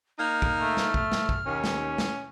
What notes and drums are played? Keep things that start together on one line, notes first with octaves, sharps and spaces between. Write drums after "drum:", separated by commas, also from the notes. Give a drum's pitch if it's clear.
A#3 D#4 F6
drum: kick
A3
drum: snare A3
drum: kick
drum: snare A3
drum: kick
D#2 C#4
drum: snare A3
drum: snare A3